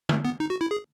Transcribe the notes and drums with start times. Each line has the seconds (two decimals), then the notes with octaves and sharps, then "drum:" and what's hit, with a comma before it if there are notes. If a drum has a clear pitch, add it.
0.09 A3, drum: tom D3
0.25 B3
0.40 D#4
0.50 F#4
0.61 E4
0.71 G#4